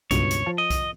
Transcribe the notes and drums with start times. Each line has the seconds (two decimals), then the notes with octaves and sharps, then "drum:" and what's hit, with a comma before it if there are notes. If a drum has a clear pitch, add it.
0.11 C#2 G2 B2 C#5, drum: kick B1, hi-hat
0.31 drum: hi-hat
0.46 F3 F5 A5
0.58 D#5
0.70 drum: kick B1, hi-hat